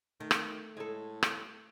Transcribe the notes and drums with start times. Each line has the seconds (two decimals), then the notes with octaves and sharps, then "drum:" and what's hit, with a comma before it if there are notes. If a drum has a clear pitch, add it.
0.20 D#3 A3
0.31 drum: rim click
0.77 A2 G#3 A4
1.23 drum: rim click